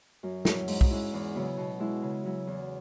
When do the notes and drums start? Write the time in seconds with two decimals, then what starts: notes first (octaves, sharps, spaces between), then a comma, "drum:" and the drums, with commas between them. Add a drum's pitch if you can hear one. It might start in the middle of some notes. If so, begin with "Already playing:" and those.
0.23 F#2
0.45 F#3 C#4 E4, drum: snare
0.68 G#2, drum: open hi-hat
0.81 drum: kick
0.90 G#3 C#4 E4
1.13 E2
1.35 C#3 F#3 B3 E4
1.57 B2
1.80 G#3 E4
2.02 C#3
2.25 F#3 E4
2.47 E2